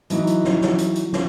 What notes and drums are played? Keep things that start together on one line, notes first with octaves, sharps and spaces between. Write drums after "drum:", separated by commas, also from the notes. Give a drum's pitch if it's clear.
E3 F#3 D#4, drum: hi-hat
drum: hi-hat
drum: snare
drum: snare
drum: hi-hat
drum: hi-hat
drum: snare